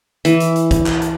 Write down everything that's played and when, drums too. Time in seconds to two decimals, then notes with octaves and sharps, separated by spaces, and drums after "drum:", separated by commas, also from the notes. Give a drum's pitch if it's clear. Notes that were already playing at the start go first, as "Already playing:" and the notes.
0.25 E3, drum: hi-hat
0.40 drum: hi-hat
0.56 drum: hi-hat
0.71 drum: kick, hi-hat
0.86 drum: clap
1.02 drum: hi-hat